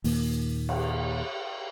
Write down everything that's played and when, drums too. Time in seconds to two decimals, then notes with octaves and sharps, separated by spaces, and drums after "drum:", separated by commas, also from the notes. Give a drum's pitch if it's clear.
0.04 D#2 A#2 A#3, drum: open hi-hat
0.69 drum: cymbal